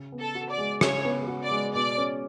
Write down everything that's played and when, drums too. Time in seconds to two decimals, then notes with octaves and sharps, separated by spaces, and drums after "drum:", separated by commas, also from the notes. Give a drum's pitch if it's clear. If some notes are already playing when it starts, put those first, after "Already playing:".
Already playing: C#3
0.12 B3
0.20 A4
0.35 F#4
0.50 D5
0.58 G#3
0.81 C#3 C#5, drum: rim click
1.05 B3
1.28 F#4
1.43 D5
1.51 G#3
1.74 B2 D5
1.98 C#4